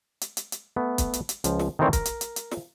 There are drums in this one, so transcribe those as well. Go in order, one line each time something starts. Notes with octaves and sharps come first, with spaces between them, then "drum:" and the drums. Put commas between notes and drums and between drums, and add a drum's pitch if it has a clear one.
drum: hi-hat
drum: hi-hat
drum: hi-hat
A3 B3
drum: kick, hi-hat
drum: hi-hat
drum: hi-hat
C#2 F3, drum: hi-hat
drum: snare
D#3 E3 A3 C4 C#5 D5
A#4, drum: kick, hi-hat
drum: hi-hat
drum: hi-hat
drum: hi-hat
drum: snare